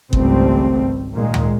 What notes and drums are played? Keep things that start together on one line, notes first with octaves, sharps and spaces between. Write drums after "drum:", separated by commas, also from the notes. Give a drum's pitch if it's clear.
G#1 C#2 G#2 G3 A3 C4, drum: kick G1
A#2 D#3 G#3
drum: tom D2